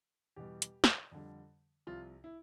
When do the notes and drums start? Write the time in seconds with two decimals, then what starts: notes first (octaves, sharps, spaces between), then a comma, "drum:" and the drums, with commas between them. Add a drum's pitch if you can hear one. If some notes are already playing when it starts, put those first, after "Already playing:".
0.36 E2 B2 G3 G4
0.62 drum: hi-hat
0.84 drum: snare
1.12 F2 D3 G3
1.87 C2 C3 F3 F4
2.24 E4